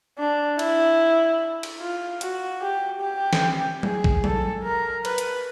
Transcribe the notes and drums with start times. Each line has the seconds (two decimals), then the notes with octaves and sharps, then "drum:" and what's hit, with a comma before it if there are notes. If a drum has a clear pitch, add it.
0.19 D4
0.59 E4, drum: cymbal
1.63 drum: cymbal
1.81 F4
2.21 F#4, drum: hi-hat
2.61 G4
3.01 G4
3.33 drum: snare
3.83 G#4, drum: tom F#3
4.04 drum: kick
4.24 A4, drum: tom F#3
4.64 A#4
5.05 B4, drum: cymbal
5.18 drum: hi-hat